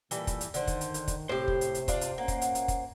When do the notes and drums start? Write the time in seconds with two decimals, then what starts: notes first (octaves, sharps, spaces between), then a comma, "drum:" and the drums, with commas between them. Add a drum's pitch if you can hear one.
0.11 A#2 E3 G3 A4, drum: hi-hat
0.27 drum: kick, hi-hat
0.41 drum: hi-hat
0.54 D3 D#3 C5, drum: hi-hat
0.67 drum: kick, hi-hat
0.81 drum: hi-hat
0.94 drum: hi-hat
1.08 drum: kick, hi-hat
1.29 A2 C3 G4 C5
1.48 drum: kick
1.61 drum: hi-hat
1.75 drum: hi-hat
1.88 D4 F4 D5, drum: kick, hi-hat
2.01 drum: hi-hat
2.18 A#2 A#3 C#4 F#5
2.28 drum: kick, hi-hat
2.41 drum: hi-hat
2.55 drum: hi-hat
2.68 drum: kick, hi-hat